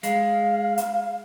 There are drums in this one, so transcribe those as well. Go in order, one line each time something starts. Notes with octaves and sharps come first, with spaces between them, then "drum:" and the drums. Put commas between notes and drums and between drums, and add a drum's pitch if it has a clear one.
G#3 F5, drum: hi-hat
drum: hi-hat